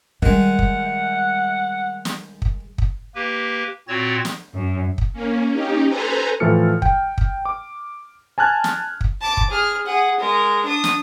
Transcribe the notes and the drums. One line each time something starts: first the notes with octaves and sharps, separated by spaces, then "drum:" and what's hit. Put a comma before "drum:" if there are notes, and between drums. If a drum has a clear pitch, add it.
D#3 G3 G#3 F#5, drum: kick
drum: kick
drum: snare
drum: kick
drum: kick
A#3 G4 B4
A#2 C4 F#4 C#5 A6
drum: snare
F#2
drum: kick
A#3 C#4
C#4 D#4 G4
A4 B4 C5 G#5 A#5
A2 E3 F3 A4 F6 C#7
G5, drum: kick
drum: kick
D6
G#5 A5 F6 F#6 G#6
drum: snare
drum: kick
A5 D6
drum: kick
G#4 F6
G#4 F#5
G#3 A#4
D4 D#6
drum: snare